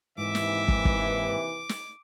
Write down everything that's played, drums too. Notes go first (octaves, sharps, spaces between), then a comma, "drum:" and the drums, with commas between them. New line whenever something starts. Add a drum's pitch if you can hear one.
D#2 G#2 C3 E3 E5 D6
drum: snare
drum: kick
drum: kick
drum: snare